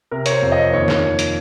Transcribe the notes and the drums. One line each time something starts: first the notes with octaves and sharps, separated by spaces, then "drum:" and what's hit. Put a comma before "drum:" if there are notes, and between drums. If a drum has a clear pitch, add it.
C3 A#4
C#5, drum: hi-hat
C5
F2
D#5
D#2 C#5
drum: snare
drum: hi-hat